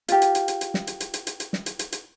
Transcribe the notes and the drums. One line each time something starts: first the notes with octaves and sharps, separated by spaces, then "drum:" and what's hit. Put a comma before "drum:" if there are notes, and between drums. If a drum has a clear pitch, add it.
F4 G4, drum: hi-hat
drum: hi-hat
drum: hi-hat
drum: hi-hat
drum: hi-hat
drum: snare
drum: hi-hat
drum: hi-hat
drum: hi-hat
drum: hi-hat
drum: hi-hat
drum: snare
drum: hi-hat
drum: hi-hat
drum: hi-hat